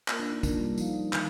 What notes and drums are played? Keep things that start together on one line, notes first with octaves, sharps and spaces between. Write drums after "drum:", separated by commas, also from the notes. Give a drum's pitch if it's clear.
A#3 F4 A#4, drum: clap
D4
D#4
A#3 D4 F4 A#4, drum: kick, tambourine
G3
F3 D#4 A#4 F5, drum: tambourine
D#3 D#4 A#4 F5, drum: clap